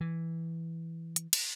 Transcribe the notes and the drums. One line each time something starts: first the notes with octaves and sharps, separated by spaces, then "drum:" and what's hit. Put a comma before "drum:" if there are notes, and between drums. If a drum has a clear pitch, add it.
E3
drum: hi-hat
drum: cymbal